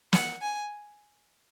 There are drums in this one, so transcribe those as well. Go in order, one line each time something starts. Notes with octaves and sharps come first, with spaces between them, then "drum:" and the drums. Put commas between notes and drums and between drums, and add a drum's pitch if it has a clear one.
F#5, drum: snare
G#5